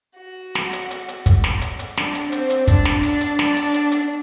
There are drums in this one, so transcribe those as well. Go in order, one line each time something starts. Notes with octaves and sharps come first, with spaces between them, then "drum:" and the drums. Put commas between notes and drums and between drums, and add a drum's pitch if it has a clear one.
F#4
drum: snare
drum: hi-hat
drum: hi-hat
drum: hi-hat
drum: kick, hi-hat
drum: snare
drum: hi-hat
drum: hi-hat
D4, drum: snare
drum: hi-hat
C4, drum: hi-hat
drum: hi-hat
D4, drum: kick, hi-hat
drum: snare
D4, drum: hi-hat
drum: hi-hat
D4, drum: snare
drum: hi-hat
drum: hi-hat
drum: hi-hat